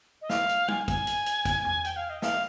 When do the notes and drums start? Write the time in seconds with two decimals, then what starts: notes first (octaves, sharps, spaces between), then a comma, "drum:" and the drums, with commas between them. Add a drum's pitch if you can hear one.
0.22 D#5
0.29 F5, drum: snare
0.49 drum: hi-hat
0.68 G#5, drum: tom G3
0.88 G#5, drum: kick, hi-hat
1.07 drum: hi-hat
1.26 drum: hi-hat
1.45 drum: kick, hi-hat
1.65 drum: tom E2
1.84 G5, drum: hi-hat
1.96 F5
2.10 D#5
2.22 F5, drum: snare